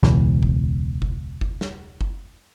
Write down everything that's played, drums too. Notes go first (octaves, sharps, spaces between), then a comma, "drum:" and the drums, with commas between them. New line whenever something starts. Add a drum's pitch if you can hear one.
E1 C#2 B2 E3, drum: snare
drum: kick F#1
drum: kick F#1
drum: kick F#1
drum: snare
drum: kick F#1